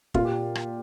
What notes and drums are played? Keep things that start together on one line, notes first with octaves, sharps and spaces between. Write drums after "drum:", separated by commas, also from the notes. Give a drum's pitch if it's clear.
A#2 F4, drum: kick
G4
drum: rim click